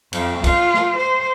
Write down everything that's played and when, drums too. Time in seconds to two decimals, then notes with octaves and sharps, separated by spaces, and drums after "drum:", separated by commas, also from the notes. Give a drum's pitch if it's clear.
0.13 F2, drum: cymbal
0.44 F4, drum: kick B1, cymbal
0.74 drum: snare
0.97 C5